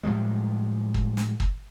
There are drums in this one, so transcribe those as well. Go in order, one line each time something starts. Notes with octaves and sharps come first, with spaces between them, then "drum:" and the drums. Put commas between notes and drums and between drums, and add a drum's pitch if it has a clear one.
A2 F3 G3 G#3
drum: kick
drum: snare
drum: kick